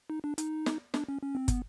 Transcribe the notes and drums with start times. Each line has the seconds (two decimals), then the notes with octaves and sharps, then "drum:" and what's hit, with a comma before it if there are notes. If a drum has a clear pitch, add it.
0.10 D#4
0.24 D4
0.38 D#4, drum: hi-hat
0.66 drum: snare
0.94 D4, drum: snare
1.09 C#4
1.23 C#4
1.35 C4
1.48 B3, drum: kick, hi-hat